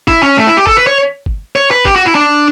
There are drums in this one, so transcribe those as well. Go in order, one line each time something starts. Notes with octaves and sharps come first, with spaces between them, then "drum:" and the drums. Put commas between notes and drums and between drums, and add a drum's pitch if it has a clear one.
E4, drum: kick G1
C#4
A3
E4
G4
A4, drum: kick G1
B4
C#5
drum: kick G1
C#5
B4
G4, drum: kick G1
F#4
E4
D4